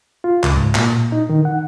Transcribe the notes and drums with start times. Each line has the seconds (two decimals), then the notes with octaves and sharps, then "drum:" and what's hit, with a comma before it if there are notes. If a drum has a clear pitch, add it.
0.24 F4
0.44 C#2, drum: clap
0.57 G#2
0.75 A#2, drum: clap
1.12 D#4
1.30 D#3
1.45 F#5